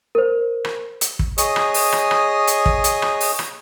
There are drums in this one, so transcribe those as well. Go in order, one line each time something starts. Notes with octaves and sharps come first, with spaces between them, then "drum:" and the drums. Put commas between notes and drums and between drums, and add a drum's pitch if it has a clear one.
A#4 C5
drum: rim click
drum: hi-hat
drum: kick
G#4 C#5 D#5, drum: hi-hat
drum: rim click
drum: open hi-hat
drum: rim click
drum: rim click
drum: hi-hat
drum: kick
drum: hi-hat
drum: rim click
drum: open hi-hat
drum: rim click